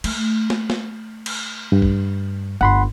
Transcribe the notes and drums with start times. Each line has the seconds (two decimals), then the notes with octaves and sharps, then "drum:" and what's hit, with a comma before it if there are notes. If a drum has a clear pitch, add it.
0.04 A3, drum: cymbal
0.50 drum: snare
0.70 drum: snare
1.26 drum: cymbal
1.72 G2
1.82 drum: kick
2.61 G1 F#5 B5 C6